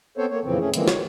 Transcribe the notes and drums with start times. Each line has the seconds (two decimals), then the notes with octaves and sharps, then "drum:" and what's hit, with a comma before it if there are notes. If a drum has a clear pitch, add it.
0.18 B3 C4 A4 C5 C#5
0.30 A#3 C#5
0.45 F2 A#2 C#3 E3 F3 C4
0.59 A3 C#4 G#4
0.74 D3 E3 F3 G#3 A#3 C4, drum: hi-hat
0.88 C#5, drum: snare